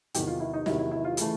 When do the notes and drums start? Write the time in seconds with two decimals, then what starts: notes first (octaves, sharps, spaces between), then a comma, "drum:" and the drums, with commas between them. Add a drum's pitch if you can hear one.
0.14 E2 C3 D#3 F#3 G4, drum: hi-hat
0.27 F4
0.40 E4
0.53 D#4
0.66 E2 C3 D#3 F#3 E4, drum: snare
0.79 E4
0.91 E4
1.04 F4
1.17 C#3 E3 A3, drum: hi-hat